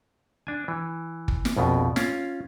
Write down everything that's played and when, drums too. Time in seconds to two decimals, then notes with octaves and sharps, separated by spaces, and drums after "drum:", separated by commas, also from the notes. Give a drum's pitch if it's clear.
0.47 D4 G#5
0.68 E3
1.28 drum: kick
1.45 drum: snare
1.57 A#1 F2 B2
1.96 C#4 F4 F5, drum: snare